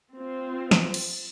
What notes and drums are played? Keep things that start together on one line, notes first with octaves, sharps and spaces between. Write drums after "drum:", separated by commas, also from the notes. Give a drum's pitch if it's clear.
C4 F4
drum: snare
drum: cymbal